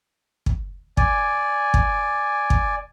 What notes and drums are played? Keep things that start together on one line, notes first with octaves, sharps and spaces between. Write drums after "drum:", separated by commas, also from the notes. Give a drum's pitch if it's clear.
drum: kick
D5 G#5, drum: kick
drum: kick
drum: kick